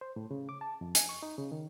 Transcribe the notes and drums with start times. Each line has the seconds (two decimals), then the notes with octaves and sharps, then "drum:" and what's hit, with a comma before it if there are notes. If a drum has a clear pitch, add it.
0.01 C5
0.16 A2
0.31 C#3
0.49 D6
0.61 A5
0.81 F2
0.95 G#5, drum: hi-hat
1.09 C#6
1.23 D#4
1.38 C#3
1.52 D#3